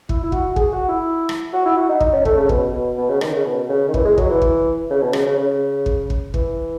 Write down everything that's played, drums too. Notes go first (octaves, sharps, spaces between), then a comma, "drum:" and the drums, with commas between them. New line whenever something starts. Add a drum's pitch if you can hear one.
E4, drum: kick
E4
F#4, drum: kick
G#4, drum: kick
F#4
E4
drum: rim click
F#4
E4
F#4
D#4
D#4, drum: kick
C#4
A3, drum: kick
C#3
B2, drum: kick
B2
B2
C#3
D#3, drum: rim click
C#3
B2
C#3
D#3
E3, drum: kick
G#3
F#3, drum: kick
E3
drum: kick
C#3
B2
C#3, drum: rim click
C#3
C#3
drum: kick
drum: kick
E3, drum: kick